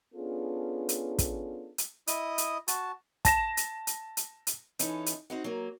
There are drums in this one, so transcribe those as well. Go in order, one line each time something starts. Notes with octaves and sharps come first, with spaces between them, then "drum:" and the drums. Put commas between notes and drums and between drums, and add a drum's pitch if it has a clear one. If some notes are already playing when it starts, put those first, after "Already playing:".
B3 C#4 D4 F4 G#4 A4
drum: hi-hat
drum: kick, hi-hat
drum: hi-hat
E4 D#5 D#6, drum: hi-hat
drum: hi-hat
F#4 A5, drum: hi-hat
A5 A#6 E7, drum: kick, hi-hat
drum: hi-hat
drum: hi-hat
drum: hi-hat
drum: hi-hat
E3 C#4 D#4 A4, drum: hi-hat
drum: hi-hat
C4 D#4 F#4
F#3 A#3